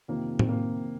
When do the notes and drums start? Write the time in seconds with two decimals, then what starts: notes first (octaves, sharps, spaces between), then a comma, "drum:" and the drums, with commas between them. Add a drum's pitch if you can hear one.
0.08 F2 C3 D#3 A#3
0.39 C4, drum: tom A2
0.49 A#3